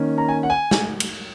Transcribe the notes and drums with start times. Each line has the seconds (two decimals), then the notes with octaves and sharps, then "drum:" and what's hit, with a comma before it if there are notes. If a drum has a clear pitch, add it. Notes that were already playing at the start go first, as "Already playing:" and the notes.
Already playing: D#3 A#3 C#4
0.18 A#5
0.29 G#5
0.43 F#5
0.50 G#5
0.71 drum: snare
1.00 drum: cymbal